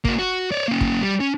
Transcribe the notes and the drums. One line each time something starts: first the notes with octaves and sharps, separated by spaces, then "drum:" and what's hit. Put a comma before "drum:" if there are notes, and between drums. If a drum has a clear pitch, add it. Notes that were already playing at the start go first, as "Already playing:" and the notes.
A#3 F#4, drum: kick
F#4
C#5 D5
A#3 C#4
drum: kick
G3
C#4